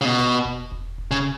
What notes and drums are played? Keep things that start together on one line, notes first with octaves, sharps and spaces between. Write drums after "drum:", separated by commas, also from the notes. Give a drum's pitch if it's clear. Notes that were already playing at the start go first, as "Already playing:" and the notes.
C#3
B2
drum: snare G1
drum: kick E1
drum: kick E1
drum: kick E1
C#3